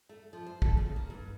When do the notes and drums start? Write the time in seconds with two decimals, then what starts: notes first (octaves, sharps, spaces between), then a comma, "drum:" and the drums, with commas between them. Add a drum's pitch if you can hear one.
0.09 A3
0.33 F3
0.46 C5
0.62 A4, drum: kick
0.77 C#3
0.96 A#3
1.10 G2